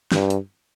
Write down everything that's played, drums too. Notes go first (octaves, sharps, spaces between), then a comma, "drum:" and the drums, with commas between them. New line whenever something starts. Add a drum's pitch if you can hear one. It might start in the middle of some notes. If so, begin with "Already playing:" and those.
G2, drum: snare
drum: hi-hat